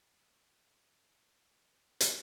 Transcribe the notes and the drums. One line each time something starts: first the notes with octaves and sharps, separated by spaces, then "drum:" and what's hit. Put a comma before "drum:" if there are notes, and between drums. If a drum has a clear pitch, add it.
G3
G#3
A3
G#3
drum: hi-hat